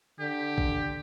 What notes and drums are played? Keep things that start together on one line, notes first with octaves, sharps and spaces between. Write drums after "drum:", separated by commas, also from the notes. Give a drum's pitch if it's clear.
D3 G4
drum: kick